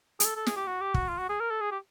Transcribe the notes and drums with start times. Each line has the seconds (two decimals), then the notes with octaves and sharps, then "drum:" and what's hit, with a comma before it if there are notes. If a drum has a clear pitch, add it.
0.20 G#4, drum: hi-hat
0.25 A4
0.36 A4
0.46 G#4, drum: snare
0.56 G4
0.67 F#4
0.81 G4
0.94 F#4, drum: kick
1.09 F4
1.19 F#4
1.29 G#4
1.40 A#4
1.50 A4
1.61 G#4
1.72 G4